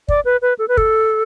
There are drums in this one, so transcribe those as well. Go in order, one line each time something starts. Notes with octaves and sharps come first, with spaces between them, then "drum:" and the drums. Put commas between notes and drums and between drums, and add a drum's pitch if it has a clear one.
D5, drum: kick
B4
B4
A4
B4
A4, drum: kick